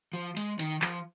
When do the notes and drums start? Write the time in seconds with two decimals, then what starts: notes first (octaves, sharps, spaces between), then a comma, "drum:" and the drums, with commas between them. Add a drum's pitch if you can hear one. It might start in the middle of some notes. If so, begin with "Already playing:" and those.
0.13 F3
0.37 G#3, drum: hi-hat
0.59 D#3, drum: hi-hat
0.82 F3, drum: clap